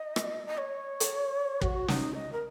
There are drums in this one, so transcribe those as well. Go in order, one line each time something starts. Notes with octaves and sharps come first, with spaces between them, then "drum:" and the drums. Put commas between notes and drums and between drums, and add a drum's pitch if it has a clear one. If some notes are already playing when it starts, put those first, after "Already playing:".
Already playing: D#5
drum: rim click
D#5
C#5
drum: hi-hat
F#4, drum: kick
D#4, drum: snare
D#5
A#4